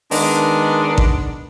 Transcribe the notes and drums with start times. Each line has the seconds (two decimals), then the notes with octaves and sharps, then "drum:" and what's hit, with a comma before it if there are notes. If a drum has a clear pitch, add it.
0.11 D#3 G#3 B3 D4, drum: open hi-hat
0.98 drum: kick A1